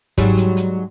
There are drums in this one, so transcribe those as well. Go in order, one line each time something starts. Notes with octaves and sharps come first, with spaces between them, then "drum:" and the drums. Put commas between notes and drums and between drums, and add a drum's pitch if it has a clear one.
G#2 F#3 G3, drum: kick, hi-hat
drum: hi-hat
drum: hi-hat